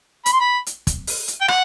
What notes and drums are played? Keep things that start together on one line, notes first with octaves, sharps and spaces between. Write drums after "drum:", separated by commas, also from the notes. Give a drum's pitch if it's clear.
B5, drum: hi-hat
C6
B5
drum: hi-hat
drum: kick, hi-hat
drum: open hi-hat
drum: hi-hat
G5
F#5, drum: rim click